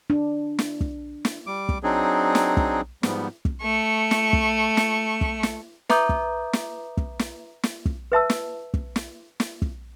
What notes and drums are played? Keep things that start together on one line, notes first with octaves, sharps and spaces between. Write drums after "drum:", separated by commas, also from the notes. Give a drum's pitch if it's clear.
D4
drum: snare
drum: kick
drum: snare
G3 D6
drum: kick
F#3 C4 D4 D#4 G#4
drum: snare
drum: kick
G#2 F3 G3 B3, drum: snare
drum: kick
A3 C#6
drum: snare
drum: kick
drum: snare
drum: kick
drum: snare
B4 E5 A#5 D6 D#6 G6, drum: snare
drum: kick
drum: snare
drum: kick
drum: snare
drum: snare
drum: kick
B4 E5 A5 E6
drum: snare
drum: kick
drum: snare
drum: snare
drum: kick